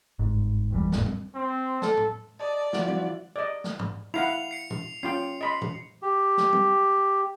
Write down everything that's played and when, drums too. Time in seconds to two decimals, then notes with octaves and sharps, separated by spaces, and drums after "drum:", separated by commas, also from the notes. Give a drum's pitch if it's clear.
0.19 G1 G#2
0.71 F#1 E2 E3 G3
0.92 G1 E2 A2, drum: snare
1.06 drum: tom
1.35 C4
1.82 A4, drum: snare
1.97 drum: tom
2.40 D5 D#5 A5
2.73 F3 E4 F#4, drum: snare
2.88 drum: tom
3.36 D5 D#5
3.64 drum: snare
3.79 drum: tom
4.14 E4 F5 F#5 C7 F7
4.51 C7 C#7
4.70 drum: tom
5.03 C#4 F4 G5 C7
5.41 D#5 B5 C6
5.62 drum: tom
6.02 G4
6.37 drum: snare
6.53 drum: tom